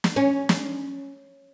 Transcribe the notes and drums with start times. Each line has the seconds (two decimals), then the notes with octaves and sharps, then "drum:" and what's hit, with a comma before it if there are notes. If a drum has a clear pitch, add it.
0.04 drum: snare
0.16 C#4
0.49 drum: snare